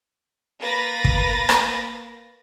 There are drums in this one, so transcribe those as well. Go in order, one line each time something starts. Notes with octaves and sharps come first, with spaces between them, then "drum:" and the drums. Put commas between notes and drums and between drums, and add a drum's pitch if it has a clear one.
A#3 A#4 B4 B5 A6 A#6
drum: kick
drum: rim click